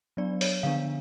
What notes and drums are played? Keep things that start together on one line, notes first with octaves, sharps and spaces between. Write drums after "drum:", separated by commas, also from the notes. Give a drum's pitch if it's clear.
F#3 B3 D4 D5
C#5, drum: open hi-hat
D3 F3 B3 D4 F5